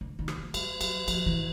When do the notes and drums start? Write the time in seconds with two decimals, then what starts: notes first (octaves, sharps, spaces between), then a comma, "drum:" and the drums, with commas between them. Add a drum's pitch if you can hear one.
0.01 D3
0.19 D#3
0.28 drum: rim click
0.37 F3
0.54 G3, drum: cymbal
0.81 F#3, drum: cymbal
1.08 F3, drum: cymbal
1.26 E3